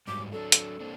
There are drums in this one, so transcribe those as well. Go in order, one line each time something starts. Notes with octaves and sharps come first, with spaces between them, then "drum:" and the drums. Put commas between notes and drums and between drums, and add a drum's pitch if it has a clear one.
G#2 F#3 G3 D6
F#3 D4 A4
drum: hi-hat
A#3 C4 D4